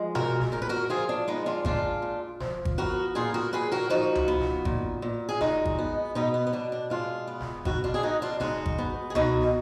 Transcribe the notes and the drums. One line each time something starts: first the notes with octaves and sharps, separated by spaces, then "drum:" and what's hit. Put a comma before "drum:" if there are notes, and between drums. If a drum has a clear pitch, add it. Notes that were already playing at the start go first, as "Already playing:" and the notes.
Already playing: F3 G#3
A#2 F#4 A#4, drum: tom B2
drum: snare
A#2 A#4
B4
F#4 A#4
F3 F4 G#4
D4
G#3 B3 D#4
D4 F4
A#2 D4 F4, drum: kick G#1
A#2
F3, drum: snare
drum: kick G#1
B3 F#4 A#4
A#2 F4 G#4
F#4 A#4
A#2 G#4 B4
F#4 A#4
F3 D#4 F#4
drum: tom C#2
B3
drum: snare
A#2, drum: kick G#1
A#2
G#4
G#3 D#4 F#4, drum: snare
drum: kick G#1
B3
B2 B3 D#4
B3
B3
B2 D4
D4
G#3 D4 F4
B3
drum: snare
B2 D#4 F#4, drum: kick G#1
D4 F4
G#4
B2 D#4 F#4
D4 F4
G#3 D#4 F#4, drum: snare
drum: kick G#1
B3
G#4
B2 D#4 F#4, drum: tom C#2
drum: snare